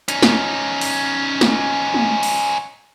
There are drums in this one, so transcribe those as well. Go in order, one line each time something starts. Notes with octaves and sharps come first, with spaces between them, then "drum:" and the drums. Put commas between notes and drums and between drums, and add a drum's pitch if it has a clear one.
C#4 D#4, drum: hi-hat
drum: snare
drum: open hi-hat
drum: snare
drum: tom
drum: open hi-hat